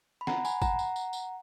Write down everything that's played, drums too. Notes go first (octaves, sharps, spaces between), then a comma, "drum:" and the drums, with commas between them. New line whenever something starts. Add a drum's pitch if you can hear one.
B5
F#5 A#5, drum: snare
G#5 B5, drum: tambourine
F#5 A#5, drum: kick, tambourine
drum: tambourine
drum: tambourine
drum: tambourine